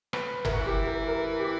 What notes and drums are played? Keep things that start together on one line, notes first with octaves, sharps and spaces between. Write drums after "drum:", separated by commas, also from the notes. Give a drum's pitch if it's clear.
B4, drum: rim click
E4 A#4, drum: tom G1
F#4
E3 E4
G4
A#4
A#4
G4